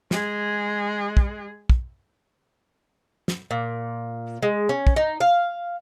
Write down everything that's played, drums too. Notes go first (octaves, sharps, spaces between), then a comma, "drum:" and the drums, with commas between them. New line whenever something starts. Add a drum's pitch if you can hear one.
G#3 G#4, drum: snare
drum: kick
drum: kick
drum: snare
A#2
G#3
C#4
drum: kick
D#4
F5